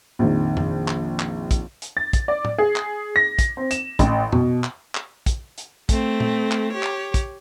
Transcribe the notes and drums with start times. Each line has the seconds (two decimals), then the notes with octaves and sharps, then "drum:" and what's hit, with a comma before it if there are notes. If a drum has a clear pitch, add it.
0.19 A#1 F2 D#3
0.57 drum: tom F2
0.88 drum: clap
1.19 drum: clap
1.51 drum: kick, hi-hat
1.82 drum: hi-hat
1.97 A6
2.13 drum: kick, hi-hat
2.28 D5
2.45 drum: tom
2.58 G#4
2.76 drum: clap
3.16 A#6
3.39 drum: kick, hi-hat
3.57 C4
3.71 E7, drum: hi-hat
3.99 A1, drum: kick, hi-hat
4.32 B2, drum: tom F2
4.64 drum: clap
4.95 drum: clap
5.26 drum: kick, hi-hat
5.58 drum: hi-hat
5.89 A3 C4, drum: kick, hi-hat
6.20 drum: tom A#2
6.52 drum: clap
6.73 G4 C#5
6.83 drum: clap
7.14 drum: kick, hi-hat